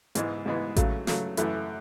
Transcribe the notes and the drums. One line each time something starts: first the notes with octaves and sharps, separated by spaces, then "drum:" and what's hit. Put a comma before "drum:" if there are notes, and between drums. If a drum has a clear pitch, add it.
G#2 E3 G#3 B3, drum: hi-hat
G#2 E3 G#3 B3
C#3 F#3 A3, drum: kick A1, hi-hat
C#3 F#3 A3, drum: snare
F#2 E3 A3 E4, drum: hi-hat